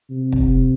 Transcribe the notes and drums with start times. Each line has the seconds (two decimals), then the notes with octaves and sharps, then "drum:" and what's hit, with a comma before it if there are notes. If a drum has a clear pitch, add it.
0.11 C3
0.32 drum: kick